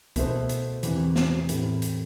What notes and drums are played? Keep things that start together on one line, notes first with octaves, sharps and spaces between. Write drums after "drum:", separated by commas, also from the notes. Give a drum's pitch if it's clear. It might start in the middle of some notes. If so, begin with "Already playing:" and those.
B2 A3 E4 A4 C5, drum: kick C#2, hi-hat
drum: hi-hat
E2 C3 E3, drum: hi-hat
drum: snare
A2 E3 A3 C4 G4, drum: hi-hat
drum: hi-hat